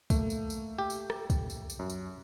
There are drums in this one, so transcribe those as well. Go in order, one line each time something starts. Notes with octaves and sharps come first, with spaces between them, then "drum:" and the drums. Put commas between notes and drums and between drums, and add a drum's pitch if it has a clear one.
A3 A#3, drum: kick, tambourine
drum: tambourine
drum: tambourine
G4
drum: tambourine
drum: rim click
drum: kick, tambourine
drum: tambourine
drum: tambourine
F#2
drum: tambourine